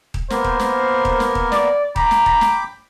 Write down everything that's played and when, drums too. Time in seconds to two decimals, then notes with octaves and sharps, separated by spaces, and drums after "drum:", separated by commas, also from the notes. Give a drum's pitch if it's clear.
0.14 drum: kick D#1
0.30 A#3 B3 A#4 C5, drum: snare
0.44 drum: kick D#1
0.60 drum: snare
1.05 drum: kick D#1
1.20 drum: snare
1.35 drum: kick D#1
1.52 D5, drum: snare
1.96 G5 A#5 B5 D6, drum: kick D#1
2.11 drum: snare
2.26 drum: kick D#1
2.41 drum: snare